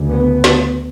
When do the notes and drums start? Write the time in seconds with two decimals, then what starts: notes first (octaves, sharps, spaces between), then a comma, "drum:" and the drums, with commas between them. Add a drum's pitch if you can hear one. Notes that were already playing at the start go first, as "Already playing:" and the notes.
Already playing: D2 C#3
0.09 B3
0.44 drum: snare